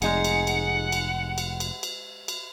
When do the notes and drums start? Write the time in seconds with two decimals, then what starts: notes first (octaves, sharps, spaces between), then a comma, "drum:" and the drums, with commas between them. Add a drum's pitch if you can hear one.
0.02 F1 G#3 D#4 G#4 F#5, drum: cymbal
0.24 drum: cymbal
0.47 drum: cymbal
0.92 drum: cymbal
1.38 drum: cymbal
1.60 drum: cymbal
1.83 drum: cymbal
2.28 drum: cymbal